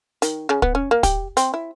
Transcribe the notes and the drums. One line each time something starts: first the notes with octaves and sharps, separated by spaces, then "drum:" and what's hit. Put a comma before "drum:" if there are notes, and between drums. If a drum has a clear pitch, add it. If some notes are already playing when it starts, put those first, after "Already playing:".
D#3, drum: hi-hat
C#3
B3, drum: kick
C#4
A#3
G4, drum: kick, hi-hat
C4, drum: hi-hat
E4